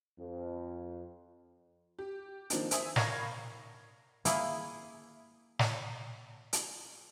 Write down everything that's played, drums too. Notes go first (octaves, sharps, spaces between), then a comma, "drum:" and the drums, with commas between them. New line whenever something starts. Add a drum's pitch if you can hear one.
F2
G4
D#3 F3 A#3 C4 D4 D#4, drum: hi-hat
C5 E5 G#5 D#6, drum: hi-hat
A#4 F5 B5 C#6 G#6 A#6, drum: snare
A#3 E4 G#4, drum: hi-hat
drum: snare
drum: hi-hat